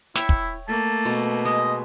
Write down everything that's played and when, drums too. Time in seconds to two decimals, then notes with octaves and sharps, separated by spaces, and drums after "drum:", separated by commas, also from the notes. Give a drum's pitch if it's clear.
0.15 E4 C#5 E5 G5, drum: snare
0.29 drum: kick
0.68 A3 A#3 A5
1.05 B2
1.45 G#3 D#5